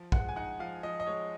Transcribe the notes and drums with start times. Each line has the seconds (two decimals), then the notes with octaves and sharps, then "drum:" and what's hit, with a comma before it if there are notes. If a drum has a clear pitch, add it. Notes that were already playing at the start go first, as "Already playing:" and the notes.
Already playing: F3
0.12 G#3 F#5, drum: kick
0.29 G#5
0.36 D#4 F#5
0.59 F3 F5
0.83 F3 D#5
1.00 D#5
1.07 G#3 C#5